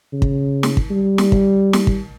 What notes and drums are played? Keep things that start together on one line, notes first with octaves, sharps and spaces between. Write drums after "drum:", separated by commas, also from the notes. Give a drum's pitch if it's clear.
C#3
drum: kick
drum: snare
drum: kick
G3
drum: snare
drum: kick
drum: snare
drum: kick